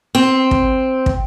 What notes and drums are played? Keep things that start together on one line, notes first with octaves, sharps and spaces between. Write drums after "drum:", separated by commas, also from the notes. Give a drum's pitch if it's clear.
C4
drum: kick
drum: kick